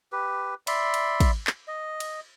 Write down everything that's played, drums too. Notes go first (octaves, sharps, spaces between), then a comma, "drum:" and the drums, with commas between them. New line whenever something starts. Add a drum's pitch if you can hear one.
G4 B4
D5 E5 B5 C6, drum: cymbal
drum: cymbal
drum: kick, cymbal
drum: clap
D#5
drum: cymbal